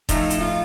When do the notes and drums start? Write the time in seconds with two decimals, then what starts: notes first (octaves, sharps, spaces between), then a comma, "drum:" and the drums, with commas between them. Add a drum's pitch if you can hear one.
0.09 A2 F3 A3 D#4, drum: kick D#1, hi-hat
0.30 drum: hi-hat
0.41 F4